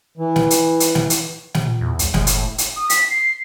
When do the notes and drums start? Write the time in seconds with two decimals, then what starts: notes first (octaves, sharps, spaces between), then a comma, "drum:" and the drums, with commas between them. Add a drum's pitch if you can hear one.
0.17 E3
0.36 drum: snare
0.51 drum: hi-hat
0.80 drum: hi-hat
0.95 drum: snare
1.10 drum: hi-hat
1.54 drum: snare
1.64 A#2
1.81 E2
1.99 C2, drum: hi-hat
2.14 F#1 G#3, drum: snare
2.27 A2, drum: hi-hat
2.58 drum: hi-hat
2.77 D#6
2.90 B6, drum: hi-hat
3.10 C7